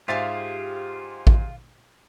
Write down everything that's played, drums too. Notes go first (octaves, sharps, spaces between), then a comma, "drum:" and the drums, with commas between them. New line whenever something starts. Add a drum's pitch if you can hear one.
G#2 F4 G4 G#4 C5 E5 F5 A6
drum: kick A1